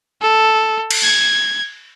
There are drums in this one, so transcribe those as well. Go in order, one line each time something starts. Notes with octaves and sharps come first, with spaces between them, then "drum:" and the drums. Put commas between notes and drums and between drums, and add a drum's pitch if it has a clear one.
A4
drum: cymbal
G#6